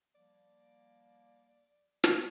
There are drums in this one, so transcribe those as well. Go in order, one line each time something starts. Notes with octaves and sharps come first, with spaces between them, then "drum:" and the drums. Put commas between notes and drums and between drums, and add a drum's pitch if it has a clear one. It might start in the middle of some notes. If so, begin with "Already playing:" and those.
F3 G3 A#3 D5
drum: snare